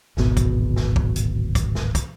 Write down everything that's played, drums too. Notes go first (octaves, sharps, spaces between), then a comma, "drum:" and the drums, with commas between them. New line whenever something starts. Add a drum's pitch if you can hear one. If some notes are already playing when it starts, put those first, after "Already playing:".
D1 G#1 B2, drum: snare
drum: kick, hi-hat
drum: snare
drum: kick
drum: hi-hat
drum: kick, hi-hat
drum: snare
drum: kick, hi-hat